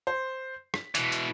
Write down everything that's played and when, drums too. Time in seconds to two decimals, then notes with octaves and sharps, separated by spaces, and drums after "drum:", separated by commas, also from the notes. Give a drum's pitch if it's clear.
0.07 C5
0.74 B6, drum: rim click
0.95 B2 E3, drum: hi-hat
1.12 drum: hi-hat